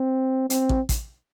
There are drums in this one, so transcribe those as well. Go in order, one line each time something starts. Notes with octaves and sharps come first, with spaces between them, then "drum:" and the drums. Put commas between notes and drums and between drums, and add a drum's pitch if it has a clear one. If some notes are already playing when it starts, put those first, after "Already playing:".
Already playing: C4
C4, drum: hi-hat
drum: kick
drum: kick, hi-hat